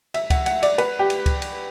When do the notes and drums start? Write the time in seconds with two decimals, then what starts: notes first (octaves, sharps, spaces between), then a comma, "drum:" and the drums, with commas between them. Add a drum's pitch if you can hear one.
0.14 E5, drum: cymbal
0.30 F#5, drum: kick C#2, cymbal
0.46 F#5, drum: cymbal
0.63 D5, drum: cymbal
0.78 B4, drum: cymbal
0.99 G4
1.10 drum: cymbal
1.26 drum: kick C#2, cymbal
1.42 drum: cymbal